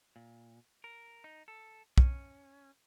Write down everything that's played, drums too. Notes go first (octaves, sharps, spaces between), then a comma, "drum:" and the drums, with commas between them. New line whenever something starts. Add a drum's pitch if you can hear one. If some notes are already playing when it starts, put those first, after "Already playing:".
A#2
A#4
D#4
A4
C#4, drum: kick